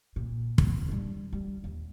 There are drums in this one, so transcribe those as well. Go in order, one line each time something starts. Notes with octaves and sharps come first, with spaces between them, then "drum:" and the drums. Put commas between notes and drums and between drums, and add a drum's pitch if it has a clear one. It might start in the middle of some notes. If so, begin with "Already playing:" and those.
A#2
drum: kick
G3 D4
G3
D#2